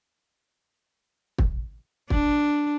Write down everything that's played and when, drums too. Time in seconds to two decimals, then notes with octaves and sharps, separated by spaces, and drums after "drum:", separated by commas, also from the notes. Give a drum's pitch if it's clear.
1.38 drum: kick
2.10 D4, drum: kick